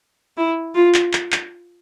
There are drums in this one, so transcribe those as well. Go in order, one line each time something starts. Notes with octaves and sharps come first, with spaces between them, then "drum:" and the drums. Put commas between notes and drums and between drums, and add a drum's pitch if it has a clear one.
E4
F4
drum: clap
drum: clap
drum: clap